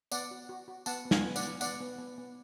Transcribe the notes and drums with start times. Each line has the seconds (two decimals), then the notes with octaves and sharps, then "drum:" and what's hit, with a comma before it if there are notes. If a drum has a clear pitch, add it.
0.12 B3 D5 F#5, drum: tambourine
0.31 F#4
0.49 F#4
0.68 F#4
0.86 B3 F#5 A5, drum: tambourine
1.05 B3
1.11 F5 G#5, drum: snare
1.24 B3
1.36 D5 F#5, drum: tambourine
1.43 B3
1.61 B3 D5 F#5, drum: tambourine
1.81 B3
1.98 B3
2.18 B3